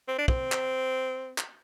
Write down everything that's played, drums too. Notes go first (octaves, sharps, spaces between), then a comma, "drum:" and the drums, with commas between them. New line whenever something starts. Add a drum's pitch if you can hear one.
C4
D4
C4, drum: kick
drum: clap
drum: clap